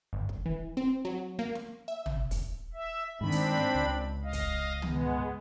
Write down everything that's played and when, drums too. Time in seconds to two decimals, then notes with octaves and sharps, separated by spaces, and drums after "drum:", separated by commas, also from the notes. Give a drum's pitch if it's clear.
0.13 G1
0.29 drum: kick
0.46 E3
0.77 C4
1.05 F#3
1.39 A#3
1.55 drum: snare
1.88 E5
2.06 drum: tom
2.31 drum: kick, hi-hat
2.74 E5
3.21 G#2 D#3 C4 D4 B5
3.32 drum: hi-hat
3.57 drum: snare
3.75 C#2
4.23 D#5 F5
4.33 drum: kick, hi-hat
4.82 G#3 B3, drum: tom